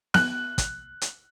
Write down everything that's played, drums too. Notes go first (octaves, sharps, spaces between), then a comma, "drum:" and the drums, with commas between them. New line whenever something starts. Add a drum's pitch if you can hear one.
F#6, drum: snare B3
drum: kick, hi-hat
drum: hi-hat